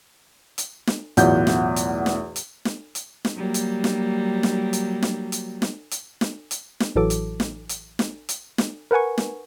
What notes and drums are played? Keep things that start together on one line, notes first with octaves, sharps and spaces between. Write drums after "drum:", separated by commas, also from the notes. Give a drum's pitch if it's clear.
drum: hi-hat
drum: snare
B1 E2 A2 F4 F#5 G6, drum: hi-hat
drum: snare
drum: hi-hat
drum: snare
drum: hi-hat
drum: snare
drum: hi-hat
drum: snare
F#3 G3 A#3
drum: hi-hat
drum: snare
drum: snare
drum: hi-hat
drum: snare
drum: hi-hat
drum: snare
drum: hi-hat
drum: snare
drum: hi-hat
drum: snare
A1 E3 F#3 A4 D6
drum: hi-hat
drum: snare
drum: hi-hat
drum: snare
drum: hi-hat
drum: snare
A#4 B4 F#5 G#5 C#6
drum: snare